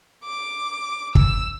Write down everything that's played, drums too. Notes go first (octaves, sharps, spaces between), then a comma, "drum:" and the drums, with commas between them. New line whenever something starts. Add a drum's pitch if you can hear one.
D6
E6, drum: kick